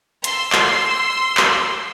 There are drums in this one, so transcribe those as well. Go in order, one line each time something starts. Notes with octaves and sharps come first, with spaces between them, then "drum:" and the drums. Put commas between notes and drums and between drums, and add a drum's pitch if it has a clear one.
C6 E6, drum: hi-hat
drum: clap
drum: clap